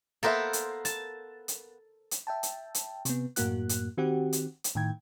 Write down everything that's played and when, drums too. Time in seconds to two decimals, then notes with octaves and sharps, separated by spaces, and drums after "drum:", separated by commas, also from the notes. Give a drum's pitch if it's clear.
0.23 A#3 B3 A4 A#4 C5 E5
0.53 drum: hi-hat
0.85 A5, drum: hi-hat
1.48 drum: hi-hat
2.11 drum: hi-hat
2.27 E5 G5 A5
2.43 drum: hi-hat
2.75 drum: hi-hat
3.05 C3 B3, drum: hi-hat
3.36 F#2 A2 A#3 F#4 F#6, drum: hi-hat
3.69 drum: hi-hat
3.97 D#3 C4 F#4 G4 F#5
4.33 drum: hi-hat
4.64 drum: hi-hat
4.75 A2 D#3 G5 G#6